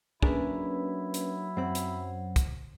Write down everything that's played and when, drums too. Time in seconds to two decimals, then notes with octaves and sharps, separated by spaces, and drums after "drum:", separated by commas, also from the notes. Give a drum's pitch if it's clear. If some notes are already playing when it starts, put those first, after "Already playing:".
0.22 F#3 A#3 C#4 D4 E4 G#4 A#4 B4, drum: kick
1.14 drum: hi-hat
1.57 F#2 C4 C5 F#5
1.75 drum: hi-hat
2.36 drum: kick, hi-hat